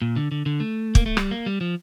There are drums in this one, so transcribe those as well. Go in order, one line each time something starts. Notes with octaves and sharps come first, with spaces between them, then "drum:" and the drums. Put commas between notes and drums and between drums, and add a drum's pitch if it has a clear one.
A#2
D3
D3
D3
A3
A#3, drum: kick
A3
G3, drum: rim click
A#3
G3
F3